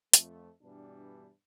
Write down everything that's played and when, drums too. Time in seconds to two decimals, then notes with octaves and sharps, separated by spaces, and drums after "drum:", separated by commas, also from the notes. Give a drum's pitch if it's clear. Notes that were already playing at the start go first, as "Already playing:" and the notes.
0.13 F2 A3, drum: hi-hat
0.62 G2 B2 E3 G3 D4